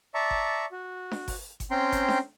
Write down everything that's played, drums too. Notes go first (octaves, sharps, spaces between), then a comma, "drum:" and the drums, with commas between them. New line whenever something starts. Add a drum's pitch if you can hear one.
D5 E5 A5 A#5 C#6
drum: kick G1
F#4
drum: snare D4
drum: kick G1, open hi-hat
drum: kick G1, hi-hat
C4 C#4 G5 A#5 C6
drum: kick G1, hi-hat
drum: snare D4